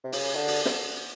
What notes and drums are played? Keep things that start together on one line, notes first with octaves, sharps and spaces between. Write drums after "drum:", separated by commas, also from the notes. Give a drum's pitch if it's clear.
C3
C#3, drum: open hi-hat
D3
drum: open hi-hat
drum: snare